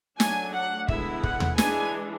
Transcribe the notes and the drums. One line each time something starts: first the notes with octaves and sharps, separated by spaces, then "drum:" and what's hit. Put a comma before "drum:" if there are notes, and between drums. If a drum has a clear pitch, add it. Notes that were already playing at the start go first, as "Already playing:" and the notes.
F#3 A3 D4 G#5, drum: snare
F#5
D3 G#3 B3 E4 E5, drum: kick
F#5, drum: kick
drum: tom D#2
E3 G#3 D4 G#5, drum: snare